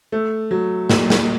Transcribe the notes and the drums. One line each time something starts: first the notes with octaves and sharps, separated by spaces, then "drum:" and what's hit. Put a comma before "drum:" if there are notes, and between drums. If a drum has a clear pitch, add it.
A3
F#3
A#2, drum: snare
drum: snare